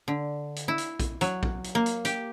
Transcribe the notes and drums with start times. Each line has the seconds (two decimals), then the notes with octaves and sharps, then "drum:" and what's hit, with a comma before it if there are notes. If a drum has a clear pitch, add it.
0.08 D3
0.56 drum: hi-hat
0.68 E4
0.78 drum: hi-hat
1.00 drum: kick A#1, hi-hat
1.21 F#3, drum: hi-hat
1.43 drum: kick A#1
1.64 drum: hi-hat
1.75 A#3
1.86 drum: hi-hat
2.05 G4, drum: hi-hat